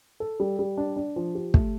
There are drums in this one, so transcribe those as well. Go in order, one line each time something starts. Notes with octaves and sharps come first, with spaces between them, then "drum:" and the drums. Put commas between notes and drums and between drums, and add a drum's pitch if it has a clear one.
A4
G3
G3
D4
D4
F3
G4
A3, drum: kick